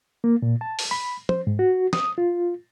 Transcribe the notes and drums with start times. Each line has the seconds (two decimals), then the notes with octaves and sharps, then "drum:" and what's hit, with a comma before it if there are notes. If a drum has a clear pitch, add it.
0.24 A#3
0.42 A#2
0.61 A5
0.79 drum: open hi-hat
0.91 B5
1.29 C5, drum: tom
1.47 G#2
1.59 F#4
1.93 D#6, drum: snare
2.18 F4